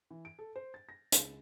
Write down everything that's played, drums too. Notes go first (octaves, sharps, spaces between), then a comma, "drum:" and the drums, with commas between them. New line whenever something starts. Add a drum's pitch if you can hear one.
E3
D7
A4
C5
A6
A#6
C#2, drum: hi-hat